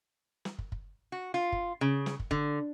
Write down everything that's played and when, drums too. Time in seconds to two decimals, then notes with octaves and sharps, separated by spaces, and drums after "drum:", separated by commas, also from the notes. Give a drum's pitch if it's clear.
0.45 drum: snare
0.59 drum: kick
0.72 drum: kick
1.12 F#4
1.34 F4
1.52 drum: kick
1.81 C#3
2.06 drum: snare
2.20 drum: kick
2.31 D3, drum: kick